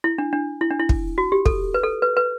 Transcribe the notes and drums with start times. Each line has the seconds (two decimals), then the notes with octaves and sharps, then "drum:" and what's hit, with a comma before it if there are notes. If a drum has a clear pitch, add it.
0.04 E4
0.18 D4
0.33 D4
0.61 E4
0.71 D4
0.79 E4
0.89 drum: kick
1.18 F#4
1.32 G4
1.46 A4, drum: kick
1.74 B4
1.83 A4
2.02 B4
2.17 B4